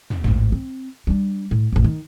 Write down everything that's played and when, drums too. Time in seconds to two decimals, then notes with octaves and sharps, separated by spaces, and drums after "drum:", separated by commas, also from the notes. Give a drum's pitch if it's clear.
0.10 drum: tom
0.24 A1 G#2, drum: tom
0.52 C4
1.07 G3 D4
1.51 A2
1.72 A1 F2
1.84 D#3